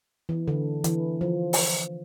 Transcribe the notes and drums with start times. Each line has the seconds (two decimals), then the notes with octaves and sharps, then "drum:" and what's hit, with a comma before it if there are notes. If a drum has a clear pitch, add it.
0.29 E3
0.48 D3
0.84 E3, drum: hi-hat
1.21 F3
1.53 drum: open hi-hat